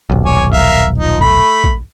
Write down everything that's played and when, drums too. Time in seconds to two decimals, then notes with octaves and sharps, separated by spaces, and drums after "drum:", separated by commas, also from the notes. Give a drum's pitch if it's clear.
0.10 D#1 B1
0.25 C#5 G#5 D6
0.52 A#4 E5 F5, drum: kick
0.98 F3 D#4
1.21 A3 B5, drum: kick
1.64 drum: kick